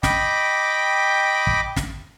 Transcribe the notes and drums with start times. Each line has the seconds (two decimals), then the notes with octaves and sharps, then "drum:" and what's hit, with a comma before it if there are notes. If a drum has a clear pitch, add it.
0.03 D#5 G5 B5 D6, drum: snare
1.47 drum: kick
1.76 drum: snare